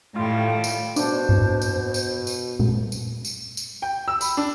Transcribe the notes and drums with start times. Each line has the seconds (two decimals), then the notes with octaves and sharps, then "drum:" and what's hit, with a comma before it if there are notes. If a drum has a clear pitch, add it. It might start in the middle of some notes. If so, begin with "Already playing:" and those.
0.16 A2 D#3 G3 A3 F4
0.64 drum: tambourine
0.96 B2 D4 C5, drum: tambourine
1.29 drum: tom G#2
1.62 drum: tambourine
1.94 drum: tambourine
2.27 drum: tambourine
2.59 drum: tom A#2
2.92 drum: tambourine
3.25 drum: tambourine
3.57 drum: tambourine
3.82 G5
4.08 E6
4.21 B5, drum: tambourine
4.37 D4